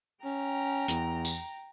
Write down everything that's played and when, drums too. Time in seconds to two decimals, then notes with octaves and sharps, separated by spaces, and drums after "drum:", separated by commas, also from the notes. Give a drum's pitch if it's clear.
0.25 C#4 G5 A#5
0.88 E2, drum: hi-hat
1.25 drum: tambourine